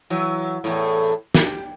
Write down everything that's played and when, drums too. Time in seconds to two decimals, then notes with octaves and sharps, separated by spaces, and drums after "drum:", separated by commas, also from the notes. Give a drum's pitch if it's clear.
0.10 E3 F#3
0.64 E2 A2
1.35 G4, drum: snare